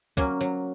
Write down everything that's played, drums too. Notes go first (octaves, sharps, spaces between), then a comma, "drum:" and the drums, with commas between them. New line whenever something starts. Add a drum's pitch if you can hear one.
F#3 A#3 C#4, drum: kick, hi-hat
F#3, drum: hi-hat